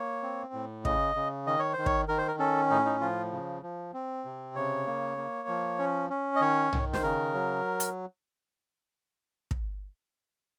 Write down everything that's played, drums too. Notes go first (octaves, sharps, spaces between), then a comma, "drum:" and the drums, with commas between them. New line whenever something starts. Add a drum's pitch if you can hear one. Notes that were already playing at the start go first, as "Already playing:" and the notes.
Already playing: A#3 C#5
C4
A2
C#3 D#5, drum: kick
C#3
D#3 D#5
C#5
D#3 C5
C#5, drum: kick
D#3 A#4
C5
A#4
C#4 A4
A2 D#4
D#4
F3 F4
C#3
F3
C4
C3
C#3 C#5
A#3
A#3
F3
C#4
C#4
D#5
D#3 C#5
D#3, drum: tom B1
C5, drum: snare
C#3 A#4
F#3
drum: hi-hat
drum: kick